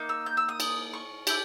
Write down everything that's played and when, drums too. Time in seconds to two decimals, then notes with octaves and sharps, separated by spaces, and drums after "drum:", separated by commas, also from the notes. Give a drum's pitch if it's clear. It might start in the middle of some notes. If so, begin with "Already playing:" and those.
Already playing: A#3 D#4
0.09 E6
0.26 G6
0.37 E6
0.49 D#6
0.60 drum: cymbal
0.93 C#6
1.27 E4 G4, drum: cymbal